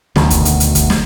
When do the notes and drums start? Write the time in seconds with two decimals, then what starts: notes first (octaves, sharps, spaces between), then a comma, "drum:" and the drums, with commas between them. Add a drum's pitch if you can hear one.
0.16 D2 B2 D#3, drum: snare
0.30 drum: kick, hi-hat
0.45 drum: hi-hat
0.60 drum: hi-hat
0.75 drum: kick, hi-hat
0.90 drum: snare